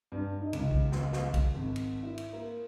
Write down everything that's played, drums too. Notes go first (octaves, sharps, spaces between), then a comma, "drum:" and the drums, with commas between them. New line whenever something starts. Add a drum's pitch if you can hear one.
G2
D#4
C#2, drum: cymbal
drum: kick B1
drum: snare
drum: snare
drum: kick B1, cymbal
G#1
drum: cymbal
E4
drum: cymbal
A#3